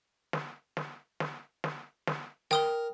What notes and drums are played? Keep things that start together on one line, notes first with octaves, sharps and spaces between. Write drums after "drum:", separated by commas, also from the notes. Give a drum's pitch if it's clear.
drum: snare
drum: snare
drum: snare
drum: snare
drum: snare
A#4 G5 D#6 G7, drum: snare